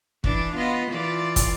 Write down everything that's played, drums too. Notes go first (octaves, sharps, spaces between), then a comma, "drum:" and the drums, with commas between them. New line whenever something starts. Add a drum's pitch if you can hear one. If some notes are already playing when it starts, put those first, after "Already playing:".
E3 D4, drum: kick
B3 F4 D#5
E3 F4 D5
drum: kick, hi-hat